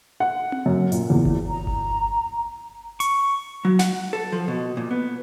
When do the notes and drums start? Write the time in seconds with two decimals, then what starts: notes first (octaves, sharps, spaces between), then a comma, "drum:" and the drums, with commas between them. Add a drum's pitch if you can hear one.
0.20 F#5
0.52 drum: tom C4
0.66 F#2
0.92 A#2, drum: hi-hat
1.10 E2
1.25 drum: kick G1
1.49 A#5
1.67 drum: kick G1
3.00 C#6, drum: hi-hat
3.65 F#3
3.79 F#5, drum: snare
4.13 A4
4.32 F3
4.48 B2
4.77 A#2
4.91 B3